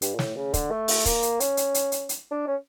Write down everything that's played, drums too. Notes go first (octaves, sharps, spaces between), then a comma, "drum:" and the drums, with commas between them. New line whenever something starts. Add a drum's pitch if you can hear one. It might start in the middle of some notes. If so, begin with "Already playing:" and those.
G2, drum: hi-hat
A#2
A2, drum: snare
C#3
D3, drum: kick, hi-hat
A3
drum: open hi-hat
A#3, drum: kick, hi-hat
drum: hi-hat
C#4, drum: hi-hat
drum: hi-hat
drum: hi-hat
drum: hi-hat
drum: hi-hat
D4
C#4